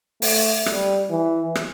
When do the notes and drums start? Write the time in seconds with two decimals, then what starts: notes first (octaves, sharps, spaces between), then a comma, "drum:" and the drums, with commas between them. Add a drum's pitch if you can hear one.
0.22 A3, drum: open hi-hat
0.66 G3, drum: rim click
1.10 E3
1.55 drum: rim click